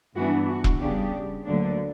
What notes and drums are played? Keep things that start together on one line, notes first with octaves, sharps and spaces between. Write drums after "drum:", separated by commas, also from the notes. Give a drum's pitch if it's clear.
G2 E3 B3 D4 F#4
F#4
drum: kick E1
C#3 G3 B3 D4 G4
D2 D3 F#3 A#3 D4